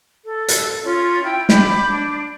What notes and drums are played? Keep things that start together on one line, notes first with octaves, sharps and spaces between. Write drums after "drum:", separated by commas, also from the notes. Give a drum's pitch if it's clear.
A4
drum: hi-hat
C#4 F4
E4 G5
B5 D6 G6, drum: snare
D4